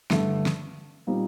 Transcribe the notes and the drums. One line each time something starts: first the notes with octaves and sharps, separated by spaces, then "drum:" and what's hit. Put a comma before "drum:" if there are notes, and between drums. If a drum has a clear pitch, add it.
G2 D3 A3, drum: snare
drum: snare
A#2 G3 C4 D#4